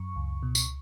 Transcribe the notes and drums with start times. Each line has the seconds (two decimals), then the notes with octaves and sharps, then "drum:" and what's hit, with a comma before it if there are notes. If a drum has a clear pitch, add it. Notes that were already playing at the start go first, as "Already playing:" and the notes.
Already playing: F#2 C#6
0.16 C#2
0.43 B2
0.55 drum: tambourine